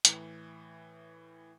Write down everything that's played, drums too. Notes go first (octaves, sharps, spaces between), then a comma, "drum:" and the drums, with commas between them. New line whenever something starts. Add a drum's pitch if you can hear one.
A2 E3, drum: hi-hat